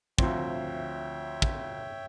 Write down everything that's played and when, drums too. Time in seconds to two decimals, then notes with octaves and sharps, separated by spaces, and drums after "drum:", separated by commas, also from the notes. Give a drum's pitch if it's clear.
0.19 D2 F3 C4 C#5 E5 G5, drum: kick
1.42 drum: kick